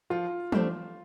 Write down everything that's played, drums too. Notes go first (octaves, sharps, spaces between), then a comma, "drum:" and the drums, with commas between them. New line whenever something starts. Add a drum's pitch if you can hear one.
F3 F4
A3 D4 G4 C5, drum: tom